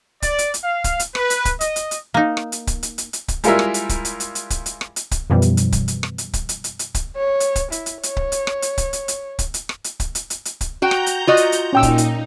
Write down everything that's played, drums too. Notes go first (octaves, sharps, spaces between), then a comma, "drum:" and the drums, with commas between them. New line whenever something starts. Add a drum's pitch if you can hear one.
D5, drum: kick C#1, hi-hat
drum: hi-hat
drum: hi-hat
F5
drum: kick C#1, hi-hat
drum: hi-hat
B4, drum: rim click
drum: hi-hat
drum: kick C#1, hi-hat
D#5, drum: hi-hat
drum: hi-hat
drum: hi-hat
A#3 D#4
drum: rim click
drum: hi-hat
drum: kick C#1, hi-hat
drum: hi-hat
drum: hi-hat
drum: hi-hat
drum: kick C#1, hi-hat
G3 G#3 E4 F4 A#4 E5, drum: hi-hat
drum: rim click
drum: hi-hat
drum: kick C#1, hi-hat
drum: hi-hat
drum: hi-hat
drum: hi-hat
drum: kick C#1, hi-hat
drum: hi-hat
drum: rim click
drum: hi-hat
drum: kick C#1, hi-hat
F#2 B2 E3 F3 G3
drum: hi-hat
drum: hi-hat
drum: kick C#1, hi-hat
drum: hi-hat
drum: rim click
drum: hi-hat
drum: kick C#1, hi-hat
drum: hi-hat
drum: hi-hat
drum: hi-hat
drum: kick C#1, hi-hat
C#5
drum: hi-hat
drum: kick C#1, hi-hat
E4, drum: hi-hat
drum: hi-hat
C#5, drum: hi-hat
drum: kick C#1
drum: hi-hat
drum: rim click
drum: hi-hat
drum: kick C#1, hi-hat
drum: hi-hat
drum: hi-hat
drum: kick C#1, hi-hat
drum: hi-hat
drum: rim click
drum: hi-hat
drum: kick C#1, hi-hat
drum: hi-hat
drum: hi-hat
drum: hi-hat
drum: kick C#1, hi-hat
F#4 G5 A#5 G6
drum: rim click
drum: hi-hat
F4 F#4 D#5
drum: hi-hat
drum: hi-hat
A#2 C#4 D#4 G5 E6
drum: kick C#1, hi-hat
drum: hi-hat